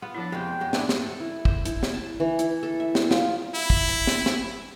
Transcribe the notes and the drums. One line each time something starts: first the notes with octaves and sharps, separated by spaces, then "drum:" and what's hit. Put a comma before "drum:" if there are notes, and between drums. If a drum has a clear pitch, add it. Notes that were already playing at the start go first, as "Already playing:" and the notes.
B3 F4
C2 F3 D4 E4 A4
F2 C3 G#3 G5
F#2 G#3
G2 B3 D4 E4, drum: snare
drum: snare
A4
E4
C5, drum: kick
E4, drum: hi-hat
drum: snare
A5
E3
E4, drum: hi-hat
A4
E5
drum: snare
F4, drum: snare
E4
drum: kick
drum: hi-hat
drum: snare
drum: snare